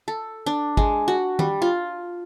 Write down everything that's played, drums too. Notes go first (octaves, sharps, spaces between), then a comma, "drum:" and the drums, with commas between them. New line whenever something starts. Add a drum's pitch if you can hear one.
A4
D4
G#3, drum: kick
F#4
G3, drum: tom
F4